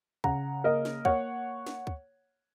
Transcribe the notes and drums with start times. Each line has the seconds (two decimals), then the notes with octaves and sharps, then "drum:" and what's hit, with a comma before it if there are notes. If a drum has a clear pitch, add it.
0.24 C#3 F#5 A#5, drum: kick
0.64 A#3 A#4 D#5
0.85 drum: snare
1.05 A#3 C#5 F#5, drum: kick
1.67 drum: snare
1.87 drum: kick